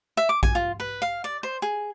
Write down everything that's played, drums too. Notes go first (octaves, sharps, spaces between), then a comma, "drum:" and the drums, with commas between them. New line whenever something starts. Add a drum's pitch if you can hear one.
E5
D6
G#5, drum: kick A#1
F4
B4
F5
D5
C5
G#4